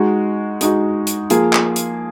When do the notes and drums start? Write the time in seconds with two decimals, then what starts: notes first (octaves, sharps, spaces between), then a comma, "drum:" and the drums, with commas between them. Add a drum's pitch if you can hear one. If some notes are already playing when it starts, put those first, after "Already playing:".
Already playing: G#3 D#4 F#4
0.61 G#3 D#4 F#4, drum: hi-hat
1.07 drum: hi-hat
1.30 F3 A#3 F4 G#4, drum: hi-hat
1.53 drum: clap
1.76 drum: hi-hat